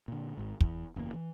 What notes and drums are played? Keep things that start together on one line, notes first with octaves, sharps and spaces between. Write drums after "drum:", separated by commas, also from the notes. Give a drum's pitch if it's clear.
A#2 D3
G#1 G#2
E2, drum: kick
F#1 E2 C#3 A#3
E3